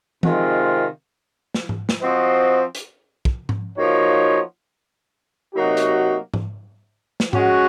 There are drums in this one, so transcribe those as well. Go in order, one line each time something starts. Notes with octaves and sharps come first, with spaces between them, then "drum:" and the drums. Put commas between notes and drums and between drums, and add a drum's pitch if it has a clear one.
C3 D#3 G#3 C4 F4, drum: tom
drum: snare
drum: tom G#2
drum: snare
F3 C4 F#4 C5 D#5
drum: hi-hat
drum: kick
drum: tom G#2
F3 A#3 D#4 F#4 C#5
C3 F#3 A#3 D#4 F#4
drum: hi-hat
drum: tom G#2
drum: snare
G#3 C#4 F#4, drum: tom G#2